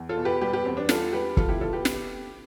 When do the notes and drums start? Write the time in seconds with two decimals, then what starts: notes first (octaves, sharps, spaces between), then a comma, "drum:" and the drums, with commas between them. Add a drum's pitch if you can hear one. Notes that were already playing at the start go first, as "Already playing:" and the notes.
Already playing: E2
0.09 F4 A4
0.18 B2
0.25 G4 B4
0.41 G3 G4 B4
0.53 G4 B4
0.65 E2 C4
0.77 B3 D4
0.89 G3 F4 A4, drum: snare
1.13 G3 G4 B4
1.37 B2 F4 A4, drum: kick
1.49 E4 G4
1.61 B2 F4 A4
1.73 G4 B4
1.85 drum: snare